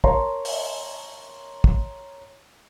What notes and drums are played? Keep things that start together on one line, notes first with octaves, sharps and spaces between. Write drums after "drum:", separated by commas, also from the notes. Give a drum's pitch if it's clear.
A#4 C#5 A5 A#5 C6, drum: kick
drum: open hi-hat
drum: kick